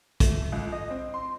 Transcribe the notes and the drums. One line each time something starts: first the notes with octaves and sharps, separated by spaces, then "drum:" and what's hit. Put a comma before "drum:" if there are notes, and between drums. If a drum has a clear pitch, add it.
A3, drum: kick, hi-hat
C#2
D#5
C4
C6